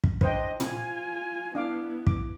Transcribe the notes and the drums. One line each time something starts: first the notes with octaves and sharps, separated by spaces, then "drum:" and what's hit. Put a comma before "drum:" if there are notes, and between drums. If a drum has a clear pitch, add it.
drum: kick
D4 B4 C5 D#5 G5, drum: kick
F4 G#5, drum: tom
B3 D4 E4 F5 D6
D6, drum: kick